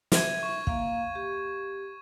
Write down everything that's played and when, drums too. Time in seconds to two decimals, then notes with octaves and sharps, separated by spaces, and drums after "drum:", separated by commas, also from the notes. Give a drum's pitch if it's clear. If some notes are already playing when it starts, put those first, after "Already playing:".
0.12 E5 G#6 D#7, drum: snare
0.43 C#6
0.67 A#3 F5, drum: kick
1.15 G4